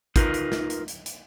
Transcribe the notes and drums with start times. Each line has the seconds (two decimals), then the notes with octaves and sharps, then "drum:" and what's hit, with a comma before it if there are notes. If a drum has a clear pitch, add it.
0.16 D#4 F4 A#4 B4, drum: kick, hi-hat
0.34 drum: hi-hat
0.52 drum: snare
0.70 drum: hi-hat
0.88 drum: hi-hat
1.06 drum: hi-hat